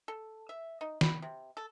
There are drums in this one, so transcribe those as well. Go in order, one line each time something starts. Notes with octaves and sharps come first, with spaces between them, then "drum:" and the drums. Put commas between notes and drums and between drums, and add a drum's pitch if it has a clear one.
A4
E5
D#4
B5, drum: snare
C3
A4